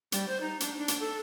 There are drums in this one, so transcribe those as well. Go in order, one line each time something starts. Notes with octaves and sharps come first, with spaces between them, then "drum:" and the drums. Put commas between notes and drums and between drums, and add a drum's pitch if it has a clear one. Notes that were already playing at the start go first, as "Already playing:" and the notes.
G3, drum: hi-hat
C5
D#4
D4, drum: hi-hat
D4
drum: hi-hat
A4